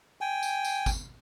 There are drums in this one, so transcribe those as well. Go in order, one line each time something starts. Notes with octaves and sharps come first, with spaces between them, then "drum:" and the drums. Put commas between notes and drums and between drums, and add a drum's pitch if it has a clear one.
G5 G#5
drum: tambourine
drum: tambourine
drum: kick, tambourine